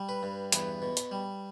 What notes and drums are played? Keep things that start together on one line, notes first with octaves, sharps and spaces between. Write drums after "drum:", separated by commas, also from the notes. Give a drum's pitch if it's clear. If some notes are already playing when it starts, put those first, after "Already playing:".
Already playing: G3
B4
G2
E2 B4, drum: hi-hat
B2
drum: hi-hat
G3